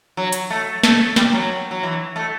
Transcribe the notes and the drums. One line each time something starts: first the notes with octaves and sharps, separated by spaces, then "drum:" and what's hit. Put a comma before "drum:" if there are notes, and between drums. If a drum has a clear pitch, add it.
F#3
drum: hi-hat
A3
A3, drum: snare
G3, drum: snare
F#3
F#3
E3
A3